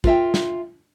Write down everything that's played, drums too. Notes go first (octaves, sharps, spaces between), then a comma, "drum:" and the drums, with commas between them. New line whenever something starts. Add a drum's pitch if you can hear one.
F4 A#4 E5 G5, drum: kick
drum: snare